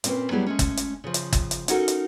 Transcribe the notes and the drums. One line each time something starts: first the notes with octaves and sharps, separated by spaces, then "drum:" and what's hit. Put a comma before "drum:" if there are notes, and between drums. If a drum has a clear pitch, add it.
A#2 C4 C#4 B4, drum: hi-hat
F#3 G3 B3 E4 G4 G#4
G#3 A3 C#4
drum: kick G1, hi-hat
drum: hi-hat
C#3 F3
drum: hi-hat
drum: kick G1, hi-hat
drum: hi-hat
C#4 D#4 F#4 A4 A#4, drum: hi-hat
drum: hi-hat